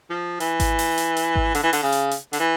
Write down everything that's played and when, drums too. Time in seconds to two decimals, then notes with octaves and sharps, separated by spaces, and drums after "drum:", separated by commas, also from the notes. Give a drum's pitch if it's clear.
0.10 F3
0.40 E3, drum: hi-hat
0.60 drum: kick G#1, hi-hat
0.79 drum: open hi-hat
0.98 drum: hi-hat
1.17 drum: hi-hat
1.36 drum: kick G#1
1.55 D3, drum: hi-hat
1.63 E3
1.73 D3, drum: open hi-hat
1.83 C#3
1.92 drum: hi-hat
2.11 drum: hi-hat
2.33 D3, drum: hi-hat
2.40 E3